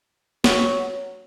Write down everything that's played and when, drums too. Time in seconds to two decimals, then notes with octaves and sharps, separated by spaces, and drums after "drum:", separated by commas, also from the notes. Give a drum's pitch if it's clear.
0.44 F#3, drum: snare